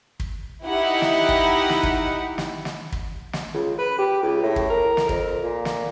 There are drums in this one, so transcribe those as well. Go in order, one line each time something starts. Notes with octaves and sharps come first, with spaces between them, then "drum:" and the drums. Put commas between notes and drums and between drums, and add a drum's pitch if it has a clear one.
drum: kick
D#4 E4 G4 F#5
drum: snare
drum: kick
drum: snare
drum: kick
drum: snare
drum: snare
drum: kick
drum: snare
C#2
B4
G4
C#2
A2
drum: kick
A#4
drum: snare
F2, drum: kick
A#2
drum: snare